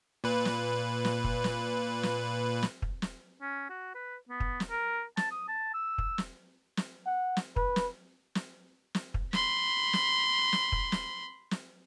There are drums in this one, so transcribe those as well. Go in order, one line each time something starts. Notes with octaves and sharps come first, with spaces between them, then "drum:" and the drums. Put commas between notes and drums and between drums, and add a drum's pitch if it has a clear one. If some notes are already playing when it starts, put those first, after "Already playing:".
A#2 B4
drum: snare
drum: snare
drum: kick
drum: snare
drum: snare
drum: snare
drum: kick
drum: snare
C#4
F#4
B4
B3
drum: kick
drum: snare
A#4
A5, drum: snare
D#6
A5
E6
drum: kick
drum: snare
drum: snare
F#5
drum: snare
B4, drum: kick
drum: snare
drum: snare
drum: snare
drum: kick
B5 C6, drum: snare
drum: snare
drum: snare
drum: kick
drum: snare
drum: snare